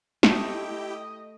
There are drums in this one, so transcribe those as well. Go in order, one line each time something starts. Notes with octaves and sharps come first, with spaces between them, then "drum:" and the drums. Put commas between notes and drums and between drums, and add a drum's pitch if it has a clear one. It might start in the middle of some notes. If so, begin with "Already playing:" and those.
A3 D#4 E4 G4 D#5 G5, drum: snare